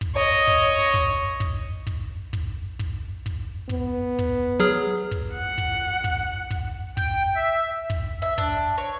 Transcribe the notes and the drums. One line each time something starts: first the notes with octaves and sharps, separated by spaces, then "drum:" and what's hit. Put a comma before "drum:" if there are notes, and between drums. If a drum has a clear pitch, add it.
drum: kick
C#5 D#5
drum: kick
drum: kick
drum: kick
drum: kick
drum: kick
drum: kick
drum: kick
B3, drum: kick
drum: kick
F#3 G#4 F6
drum: kick
F#5
drum: kick
drum: kick
drum: kick
G5, drum: kick
E5
drum: kick
E5
D4, drum: kick
C#5